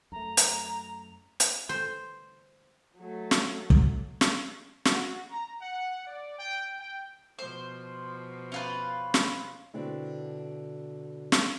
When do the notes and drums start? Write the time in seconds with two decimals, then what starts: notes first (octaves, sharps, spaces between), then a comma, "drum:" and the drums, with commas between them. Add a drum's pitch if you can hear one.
0.12 F#2 A3 A#5
0.37 drum: hi-hat
1.40 drum: hi-hat
1.69 C5
2.97 F#3 A3
3.31 drum: snare
3.70 drum: kick
4.21 drum: snare
4.85 F#4, drum: snare
5.30 A#5
5.62 F#5
6.07 D5
6.39 G5
6.79 G5
7.39 B2 F3 C5
8.52 C#4 F4 B4
9.14 drum: snare
9.74 B2 D3 C4 E4
11.32 drum: snare